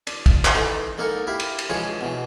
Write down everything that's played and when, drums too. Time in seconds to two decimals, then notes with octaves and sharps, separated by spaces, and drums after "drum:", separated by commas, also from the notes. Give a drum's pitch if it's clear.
0.07 D4, drum: cymbal
0.26 drum: kick, cymbal
0.45 drum: clap
0.55 E3 D#4 A4 B4
0.98 G#2 A#3 D#4 A4 A#4 C#6
1.27 E4 G4 E5 F5
1.40 drum: cymbal
1.59 drum: cymbal
1.70 E3 F3 G#3 F4 G#4 C#5
2.01 B2 E3